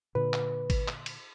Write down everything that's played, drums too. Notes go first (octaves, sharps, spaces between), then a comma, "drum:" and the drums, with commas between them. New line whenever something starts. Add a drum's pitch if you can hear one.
A#2 D3 B4
drum: clap
drum: kick G#1, cymbal
drum: clap
drum: cymbal